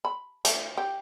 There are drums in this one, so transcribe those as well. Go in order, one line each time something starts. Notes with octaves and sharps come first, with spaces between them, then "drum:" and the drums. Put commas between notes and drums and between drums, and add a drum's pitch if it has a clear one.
B5
A3, drum: hi-hat
G4